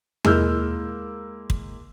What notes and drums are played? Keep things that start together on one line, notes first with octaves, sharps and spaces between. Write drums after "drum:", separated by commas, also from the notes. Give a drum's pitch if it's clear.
G#3 A#3 E4 E6 F6 G6, drum: tom E2
drum: kick